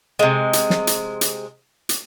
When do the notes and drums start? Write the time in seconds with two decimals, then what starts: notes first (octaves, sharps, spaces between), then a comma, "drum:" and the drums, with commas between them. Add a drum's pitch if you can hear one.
0.19 C3 G#3
0.53 drum: hi-hat
0.70 drum: snare
0.87 drum: hi-hat
1.21 drum: hi-hat
1.89 drum: hi-hat